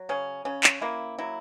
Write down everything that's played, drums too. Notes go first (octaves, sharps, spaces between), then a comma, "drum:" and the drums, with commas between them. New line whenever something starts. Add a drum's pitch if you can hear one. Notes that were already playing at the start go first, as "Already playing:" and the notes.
Already playing: F#3
C#3 C#4
C#3 C#4
drum: clap
A#3 E4
F#3 E4